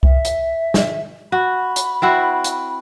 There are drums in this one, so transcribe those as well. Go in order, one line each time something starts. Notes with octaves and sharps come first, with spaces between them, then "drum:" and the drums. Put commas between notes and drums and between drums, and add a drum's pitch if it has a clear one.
E5, drum: kick C2
drum: hi-hat
drum: snare
F#4 B5
drum: hi-hat
C4 E4 F#4
drum: hi-hat